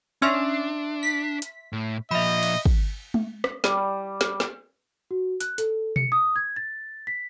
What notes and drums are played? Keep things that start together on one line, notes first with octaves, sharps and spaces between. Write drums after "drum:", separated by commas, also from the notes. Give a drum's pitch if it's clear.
C#4 D4 E5 C6 E6
B6
drum: hi-hat
A2
A#2 F3 D#5 E5 B5
drum: cymbal
drum: kick
drum: tom G#3
drum: rim click
G3, drum: snare
drum: snare
drum: snare
F#4
F#6, drum: hi-hat
A4, drum: hi-hat
C#7, drum: tom B2
D#6
G#6
A6
B6